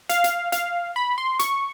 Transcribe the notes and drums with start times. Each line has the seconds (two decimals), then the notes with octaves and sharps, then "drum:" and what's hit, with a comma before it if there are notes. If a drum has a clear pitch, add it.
0.09 F5, drum: hi-hat
0.24 drum: hi-hat
0.52 F5, drum: hi-hat
0.96 B5
1.18 C6
1.39 C#6, drum: hi-hat